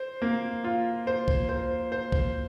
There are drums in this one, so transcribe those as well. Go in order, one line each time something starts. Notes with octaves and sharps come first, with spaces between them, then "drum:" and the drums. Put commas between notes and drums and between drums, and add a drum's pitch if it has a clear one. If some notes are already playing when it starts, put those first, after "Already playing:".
Already playing: C5
A#3
F4
C5
drum: kick B1
C5
C5
drum: kick B1